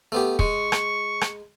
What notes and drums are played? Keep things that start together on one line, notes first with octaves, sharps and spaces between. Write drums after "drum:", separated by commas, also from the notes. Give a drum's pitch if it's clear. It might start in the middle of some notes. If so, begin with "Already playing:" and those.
A3 B3 G4
G#3 C#6, drum: kick
drum: rim click
drum: rim click